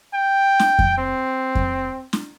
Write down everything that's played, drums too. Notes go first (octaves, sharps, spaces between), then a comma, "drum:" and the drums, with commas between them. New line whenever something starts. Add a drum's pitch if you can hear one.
G5
drum: snare
drum: kick F2
C4
drum: kick F2
drum: snare